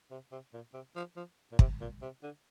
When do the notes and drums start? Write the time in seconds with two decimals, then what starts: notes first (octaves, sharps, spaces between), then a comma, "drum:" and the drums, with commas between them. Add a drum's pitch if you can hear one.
0.11 C3
0.32 C3
0.54 A#2
0.74 C3
0.96 F3
1.17 F3
1.52 A#2
1.59 C3, drum: kick
1.81 A#2
2.02 C3
2.23 D3